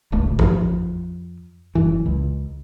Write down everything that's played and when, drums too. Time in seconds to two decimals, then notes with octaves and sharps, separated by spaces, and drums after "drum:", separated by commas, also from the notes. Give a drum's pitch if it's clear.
0.12 D1 G#1 C#2 A3
0.39 F2 F3, drum: kick A1
1.75 F1 F#2 E3
2.06 C#2